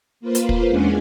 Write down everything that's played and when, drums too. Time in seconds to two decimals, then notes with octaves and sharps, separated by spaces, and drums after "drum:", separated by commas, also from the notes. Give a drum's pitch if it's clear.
0.20 A#3 F4 B4 C5
0.35 drum: hi-hat
0.49 drum: kick
0.67 E2 G#3 C#4 D4 F#5 G#5